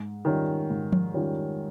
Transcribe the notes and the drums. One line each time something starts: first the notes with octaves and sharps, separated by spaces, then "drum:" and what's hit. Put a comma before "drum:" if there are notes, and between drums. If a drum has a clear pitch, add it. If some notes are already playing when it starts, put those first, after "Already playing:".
Already playing: G#2
D#3 G3 C#4 F4
G#2
drum: tom F3
D#3 G3 C#4 F4